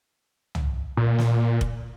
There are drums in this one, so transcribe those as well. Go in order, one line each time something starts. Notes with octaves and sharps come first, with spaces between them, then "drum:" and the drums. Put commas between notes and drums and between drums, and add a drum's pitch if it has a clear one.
drum: tom
A#2
drum: snare
drum: kick F1